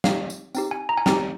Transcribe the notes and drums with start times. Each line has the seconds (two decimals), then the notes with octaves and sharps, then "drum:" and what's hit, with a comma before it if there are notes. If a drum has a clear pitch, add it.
0.04 C4 D#4 G4 F5, drum: snare
0.30 drum: tambourine
0.55 C4 D#4 G4, drum: tambourine
0.71 G#5
0.89 A#5
0.98 G#5
1.06 C4 D#4 G4 A#5, drum: snare